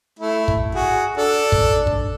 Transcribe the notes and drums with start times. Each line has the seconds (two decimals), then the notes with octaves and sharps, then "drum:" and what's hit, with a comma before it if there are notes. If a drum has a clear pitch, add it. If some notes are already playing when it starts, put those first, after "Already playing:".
0.20 A3 E4
0.48 drum: kick
0.75 F#4 G#4
1.17 D4 A4
1.52 drum: kick
1.87 drum: kick